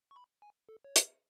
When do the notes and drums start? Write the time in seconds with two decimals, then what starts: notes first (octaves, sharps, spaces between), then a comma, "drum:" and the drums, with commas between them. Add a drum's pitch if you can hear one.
0.11 C#6
0.16 B5
0.42 G#5
0.69 A4
0.84 C#5
0.96 B4, drum: hi-hat